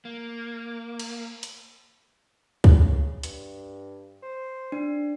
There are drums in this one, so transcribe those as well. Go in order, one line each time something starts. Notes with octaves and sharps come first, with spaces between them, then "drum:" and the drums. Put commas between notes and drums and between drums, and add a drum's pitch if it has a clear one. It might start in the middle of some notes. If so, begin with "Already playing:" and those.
A#3
drum: cymbal
drum: hi-hat
C#3, drum: kick
G2, drum: hi-hat
C5
D4